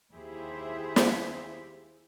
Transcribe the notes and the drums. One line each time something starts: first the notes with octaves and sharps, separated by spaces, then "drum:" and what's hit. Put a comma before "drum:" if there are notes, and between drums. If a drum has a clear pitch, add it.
D#2 E4 G4 G#4 C5 E5
drum: snare